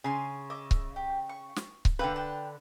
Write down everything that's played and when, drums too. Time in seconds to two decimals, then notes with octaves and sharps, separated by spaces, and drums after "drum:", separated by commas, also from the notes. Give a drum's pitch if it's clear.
0.04 C#3 G#5 C6
0.50 D#5 E5 D6
0.71 drum: kick C#1
0.96 G4
1.29 C#6
1.56 drum: snare
1.85 drum: kick C#1
1.99 D3 A#3 A4 B4 G5
2.16 G5 A5